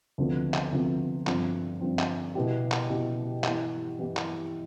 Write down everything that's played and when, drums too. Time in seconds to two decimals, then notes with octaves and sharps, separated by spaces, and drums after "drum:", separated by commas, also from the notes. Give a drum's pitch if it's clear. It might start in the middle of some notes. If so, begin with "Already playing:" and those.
0.18 D2 C3 F3 B3
0.54 drum: clap
0.72 D2 C3 F3 B3
1.27 G2 F3 C4, drum: clap
1.81 G2 F3 C4
1.99 drum: clap
2.35 B2 B3 E4 G4
2.72 drum: clap
2.90 B2 B3 E4 G4
3.44 E3 B3 E4 G4, drum: clap
3.99 E3 B3 E4 G4
4.17 drum: clap